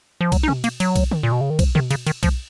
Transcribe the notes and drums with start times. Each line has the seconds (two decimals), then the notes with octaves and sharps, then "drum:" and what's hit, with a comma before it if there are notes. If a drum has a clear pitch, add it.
0.21 F3
0.32 F#3, drum: kick B1, cymbal
0.43 D#4
0.48 C#4, drum: tom B2
0.64 A#3, drum: cymbal
0.80 F#3, drum: cymbal
0.96 drum: kick B1, cymbal
1.11 drum: tom D3
1.23 A#2
1.32 B2
1.41 C#3
1.50 D#3
1.59 F3, drum: kick B1, cymbal
1.75 D#3, drum: tom B2
1.91 C#3, drum: cymbal
2.07 D#3, drum: cymbal
2.23 F3, drum: kick B1, cymbal